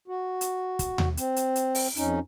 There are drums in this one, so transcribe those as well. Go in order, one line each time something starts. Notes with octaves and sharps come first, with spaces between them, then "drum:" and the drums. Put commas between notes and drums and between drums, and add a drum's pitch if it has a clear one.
F#4
drum: hi-hat
drum: kick, hi-hat
drum: tom D#2
C4, drum: hi-hat
drum: hi-hat
drum: hi-hat
drum: open hi-hat
F2 C#4 D#4, drum: hi-hat